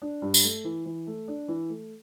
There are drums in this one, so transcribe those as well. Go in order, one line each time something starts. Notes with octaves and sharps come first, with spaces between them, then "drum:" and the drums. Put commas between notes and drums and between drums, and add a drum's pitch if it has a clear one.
D4
G2
drum: tambourine
A3
E3
E3
A3
D4
E3
A3